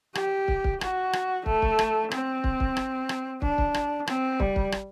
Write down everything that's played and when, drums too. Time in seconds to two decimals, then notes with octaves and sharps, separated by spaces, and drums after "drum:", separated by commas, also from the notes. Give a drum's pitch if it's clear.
0.15 G4, drum: rim click
0.48 drum: kick
0.64 drum: kick
0.81 F#4, drum: rim click
1.13 drum: rim click
1.46 A3, drum: kick
1.62 drum: kick
1.79 drum: rim click
2.11 C4, drum: rim click
2.44 drum: kick
2.60 drum: kick
2.77 drum: rim click
3.09 drum: rim click
3.42 D4, drum: kick
3.58 drum: kick
3.74 drum: rim click
4.07 C4, drum: rim click
4.40 G3, drum: kick
4.56 drum: kick
4.72 drum: rim click